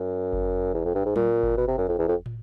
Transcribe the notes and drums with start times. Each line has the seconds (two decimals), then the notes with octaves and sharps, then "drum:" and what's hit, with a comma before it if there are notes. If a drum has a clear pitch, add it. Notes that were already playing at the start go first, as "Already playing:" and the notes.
Already playing: F#2
0.33 drum: kick G1
0.74 E2
0.85 F2
0.94 G2
1.06 G#2
1.16 A#2, drum: tom F#3
1.43 drum: kick G1
1.57 B2
1.67 C3
1.78 F#2
1.88 F2
1.99 E2
2.08 F2
2.26 drum: tom